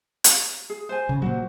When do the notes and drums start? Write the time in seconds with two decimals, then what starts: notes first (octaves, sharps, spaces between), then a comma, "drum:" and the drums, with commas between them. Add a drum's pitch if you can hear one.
0.24 drum: hi-hat
0.70 G#4
0.89 C5 G#5
1.09 C#3
1.22 A#2 F#3 F#4 C5